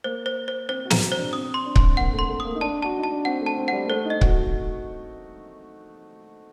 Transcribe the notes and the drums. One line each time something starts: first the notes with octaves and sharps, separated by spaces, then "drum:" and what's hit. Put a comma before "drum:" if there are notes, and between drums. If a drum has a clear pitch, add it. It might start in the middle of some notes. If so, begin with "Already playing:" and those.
A#3 C5
C5
C5
C4 C5
F#4
A#5, drum: snare
C5
D4
C4 D#6
C6
D4
C6, drum: kick C#1
A#3 F#5
A3
C6
A3
D#6
A#3
D#4
D4 A5
F#4 A5
D#4
A5
D4
C4 F#5
A3
A5
C4
G3 F#5
A#3
A3 C5
D#4
D#5
F#4, drum: kick C#1